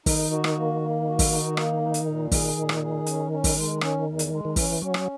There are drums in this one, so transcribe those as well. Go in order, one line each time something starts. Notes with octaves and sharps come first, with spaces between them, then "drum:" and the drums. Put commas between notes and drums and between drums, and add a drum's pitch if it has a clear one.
D#3 D#4, drum: kick, open hi-hat
F#4
drum: rim click
A#3
A#3
F#4
drum: kick, open hi-hat
D#4
A#3, drum: rim click
D#4
drum: hi-hat
A#2
D#3 G#4, drum: kick, open hi-hat
A#2
drum: rim click
G#4
C#4, drum: hi-hat
C#4
drum: kick, open hi-hat
G#3
C#4, drum: rim click
E2
drum: hi-hat
G#3
D#3
E3 C#4, drum: kick, open hi-hat
F#3 C#4
drum: rim click